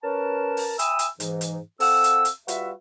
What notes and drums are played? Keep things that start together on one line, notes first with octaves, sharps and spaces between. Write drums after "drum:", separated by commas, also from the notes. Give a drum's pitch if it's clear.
C#4 A#4 B4 A5
drum: open hi-hat
E5 G5 G#5 B5 D#6 E6, drum: hi-hat
drum: hi-hat
G#2 E3, drum: hi-hat
drum: hi-hat
C4 A4 F5 F#5 E6, drum: open hi-hat
drum: hi-hat
drum: hi-hat
G3 F4 F#4 B4 E5, drum: hi-hat